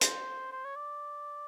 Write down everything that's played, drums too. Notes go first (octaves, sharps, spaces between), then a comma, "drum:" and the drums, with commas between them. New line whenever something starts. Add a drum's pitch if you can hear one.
C5, drum: hi-hat
C5
C#5
D5